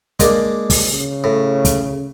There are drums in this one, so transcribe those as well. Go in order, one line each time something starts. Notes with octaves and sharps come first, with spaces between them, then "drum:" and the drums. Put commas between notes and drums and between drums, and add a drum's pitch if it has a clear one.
G#3 A#3 D4, drum: kick, hi-hat
drum: kick, open hi-hat
C#3
A2
drum: kick, hi-hat